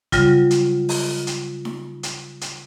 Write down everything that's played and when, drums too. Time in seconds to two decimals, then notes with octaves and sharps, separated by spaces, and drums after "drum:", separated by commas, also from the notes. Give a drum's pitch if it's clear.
0.12 C#3 F#3 G3 F4, drum: kick, hi-hat
0.51 drum: hi-hat
0.89 drum: open hi-hat
1.27 drum: hi-hat
1.65 drum: snare D#4
2.03 drum: hi-hat
2.41 drum: hi-hat